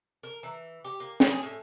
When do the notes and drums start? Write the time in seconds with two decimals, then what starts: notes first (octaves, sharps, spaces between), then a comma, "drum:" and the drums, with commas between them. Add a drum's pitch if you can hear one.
0.23 A#4
0.43 E3
0.84 G4
1.00 A#3
1.20 drum: snare
1.29 G#4
1.43 A2